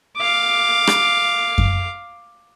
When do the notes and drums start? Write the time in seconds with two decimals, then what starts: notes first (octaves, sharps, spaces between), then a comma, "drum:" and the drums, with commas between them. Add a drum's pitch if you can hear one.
0.17 F5 D6
0.87 drum: rim click
1.58 drum: kick F#2